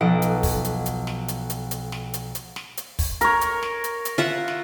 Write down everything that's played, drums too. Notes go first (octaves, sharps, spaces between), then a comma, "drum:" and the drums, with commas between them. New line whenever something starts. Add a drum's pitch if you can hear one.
B1 F3 A4 D#5 F#5 D7
drum: hi-hat
drum: kick, open hi-hat
drum: hi-hat
drum: hi-hat
drum: snare
drum: hi-hat
drum: hi-hat
drum: hi-hat
drum: snare
drum: hi-hat
drum: hi-hat
drum: snare
drum: hi-hat
drum: kick, open hi-hat
A#4 C#5, drum: hi-hat
drum: hi-hat
drum: snare
drum: hi-hat
drum: hi-hat
F4 E5 F#5
drum: snare